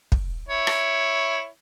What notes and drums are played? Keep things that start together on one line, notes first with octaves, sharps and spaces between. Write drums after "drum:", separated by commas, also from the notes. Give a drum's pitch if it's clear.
drum: kick
E4 C#5
drum: rim click